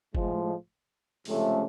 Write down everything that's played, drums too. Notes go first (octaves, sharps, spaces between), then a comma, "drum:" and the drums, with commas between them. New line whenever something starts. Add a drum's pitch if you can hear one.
A2 F3 G#3, drum: kick
C#2 C3 F3 A3 C#4, drum: open hi-hat